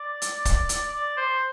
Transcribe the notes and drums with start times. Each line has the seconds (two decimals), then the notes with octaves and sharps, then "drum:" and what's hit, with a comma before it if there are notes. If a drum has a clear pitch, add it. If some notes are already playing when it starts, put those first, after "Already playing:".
Already playing: D5
0.22 drum: hi-hat
0.45 drum: kick, hi-hat
0.69 drum: hi-hat
0.93 D5
1.17 C5